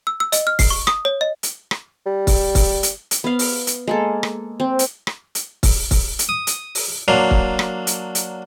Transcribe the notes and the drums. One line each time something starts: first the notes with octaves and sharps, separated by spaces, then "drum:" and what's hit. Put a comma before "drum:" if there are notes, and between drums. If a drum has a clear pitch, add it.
E6
E6
D#5, drum: hi-hat
F6
C7, drum: kick, open hi-hat
C#6
D#6, drum: rim click
C#5
D#5
drum: hi-hat
drum: rim click
G3
drum: kick, open hi-hat
drum: kick, open hi-hat
drum: hi-hat
drum: hi-hat
B3 F5
drum: open hi-hat
drum: hi-hat
G#3 A#3 A4
drum: rim click
C4
drum: hi-hat
drum: rim click
drum: hi-hat
drum: kick, open hi-hat
drum: kick, open hi-hat
drum: hi-hat
D#6
drum: hi-hat
drum: open hi-hat
F#3 A#3 D4 C6
drum: kick
drum: rim click
drum: hi-hat
drum: hi-hat